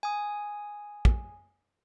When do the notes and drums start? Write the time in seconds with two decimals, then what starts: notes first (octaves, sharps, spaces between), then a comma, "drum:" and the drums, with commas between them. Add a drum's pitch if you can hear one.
0.03 G#5 D#6
1.05 drum: kick